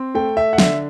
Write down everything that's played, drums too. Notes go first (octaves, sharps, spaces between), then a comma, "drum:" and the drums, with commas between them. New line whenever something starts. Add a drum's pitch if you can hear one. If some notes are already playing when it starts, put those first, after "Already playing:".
Already playing: C4
A3 G5
E5
F#5
D3 E5, drum: snare